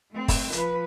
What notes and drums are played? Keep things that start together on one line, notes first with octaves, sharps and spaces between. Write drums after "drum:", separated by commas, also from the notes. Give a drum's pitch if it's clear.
A3 C4
drum: kick, open hi-hat
F3 B4, drum: hi-hat